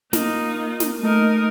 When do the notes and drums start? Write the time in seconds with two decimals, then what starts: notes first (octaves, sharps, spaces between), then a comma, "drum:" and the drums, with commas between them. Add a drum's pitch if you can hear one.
0.13 A#3 D#4 F4, drum: snare
0.80 drum: snare
1.03 A3 D#4 A#4